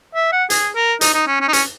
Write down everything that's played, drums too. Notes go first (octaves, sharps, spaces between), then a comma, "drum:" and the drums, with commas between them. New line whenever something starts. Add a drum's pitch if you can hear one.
E5
F#5
G#4, drum: hi-hat
A#4
D#4, drum: hi-hat
D#4
C#4
C#4
D#4
C#4, drum: hi-hat